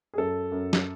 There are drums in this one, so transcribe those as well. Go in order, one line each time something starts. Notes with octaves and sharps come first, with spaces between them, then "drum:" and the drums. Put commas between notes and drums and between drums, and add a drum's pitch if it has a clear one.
G#4
F#2 A4
F#2
drum: snare